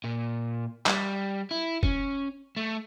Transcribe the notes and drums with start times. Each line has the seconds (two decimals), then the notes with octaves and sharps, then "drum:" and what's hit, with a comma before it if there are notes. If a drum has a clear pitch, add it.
0.04 A#2
0.86 G3, drum: clap
1.51 E4
1.83 C#4, drum: kick F1
2.57 A3